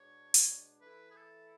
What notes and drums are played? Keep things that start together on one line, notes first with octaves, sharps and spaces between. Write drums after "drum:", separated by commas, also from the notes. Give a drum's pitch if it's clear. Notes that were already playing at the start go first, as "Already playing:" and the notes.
Already playing: B2 G#3 D4 C#5
drum: hi-hat
E3 A3 E4 B4
G#4
A4